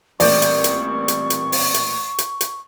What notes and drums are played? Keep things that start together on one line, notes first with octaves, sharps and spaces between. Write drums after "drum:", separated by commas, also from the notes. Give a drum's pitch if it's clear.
A1 A#2 G3 C4 D5 C#6 G6, drum: open hi-hat
drum: hi-hat
drum: hi-hat
drum: hi-hat
drum: hi-hat
drum: open hi-hat
drum: hi-hat
drum: hi-hat
drum: hi-hat